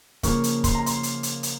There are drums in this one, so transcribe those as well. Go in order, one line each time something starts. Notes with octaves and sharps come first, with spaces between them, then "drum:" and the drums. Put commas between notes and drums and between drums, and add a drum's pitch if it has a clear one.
C#3 F3 A#3 C#6, drum: kick, hi-hat
drum: hi-hat
C6, drum: kick, hi-hat
A#5
C6, drum: hi-hat
drum: hi-hat
drum: hi-hat
drum: hi-hat